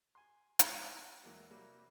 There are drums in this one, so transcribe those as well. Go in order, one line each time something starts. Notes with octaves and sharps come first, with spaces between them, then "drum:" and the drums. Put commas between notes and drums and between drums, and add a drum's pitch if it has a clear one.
G#5 C6
B2 F3 G#3 F4 A4, drum: hi-hat
F#5 A5 D6 E6 F6
E2 F#3 G#3 A#3 E4
C3 F#3 G3 A#3